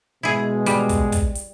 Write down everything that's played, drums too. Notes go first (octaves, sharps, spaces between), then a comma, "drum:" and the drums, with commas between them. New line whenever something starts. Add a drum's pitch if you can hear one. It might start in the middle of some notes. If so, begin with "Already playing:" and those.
B2 G#3 E4 G#4
G3, drum: hi-hat
drum: kick, hi-hat
drum: kick, hi-hat
drum: hi-hat